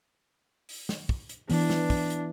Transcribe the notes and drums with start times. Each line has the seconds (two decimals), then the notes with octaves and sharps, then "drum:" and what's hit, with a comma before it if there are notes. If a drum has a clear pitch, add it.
0.69 drum: open hi-hat
0.89 drum: snare
1.09 drum: kick
1.29 drum: hi-hat
1.50 E3 B3 D4, drum: open hi-hat
1.70 drum: snare
1.90 drum: kick, open hi-hat
2.10 drum: hi-hat